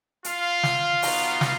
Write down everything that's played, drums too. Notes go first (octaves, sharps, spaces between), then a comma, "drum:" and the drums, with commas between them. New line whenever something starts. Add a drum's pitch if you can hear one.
F4 F5, drum: hi-hat
drum: snare
B3 D#4 F#4, drum: open hi-hat
drum: snare